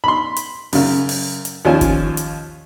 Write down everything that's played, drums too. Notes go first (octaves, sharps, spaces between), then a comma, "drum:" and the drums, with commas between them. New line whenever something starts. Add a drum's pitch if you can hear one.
B5 C6
drum: hi-hat
F#2 C#3, drum: open hi-hat
drum: open hi-hat
drum: hi-hat
D#2 F3 C#4 F4 G#5
drum: kick F#1, hi-hat
drum: hi-hat